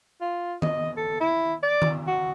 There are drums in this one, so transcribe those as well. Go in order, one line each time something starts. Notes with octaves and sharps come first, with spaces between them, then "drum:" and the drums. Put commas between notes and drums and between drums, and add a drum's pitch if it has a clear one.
F4
D#5, drum: tom D#3
A4
E4
D5
drum: tom D#3
F#4